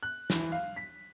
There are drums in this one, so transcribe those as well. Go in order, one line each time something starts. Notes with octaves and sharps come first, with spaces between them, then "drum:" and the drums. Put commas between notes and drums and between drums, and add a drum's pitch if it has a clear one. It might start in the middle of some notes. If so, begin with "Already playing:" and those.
F#6
E3, drum: snare
F5
B6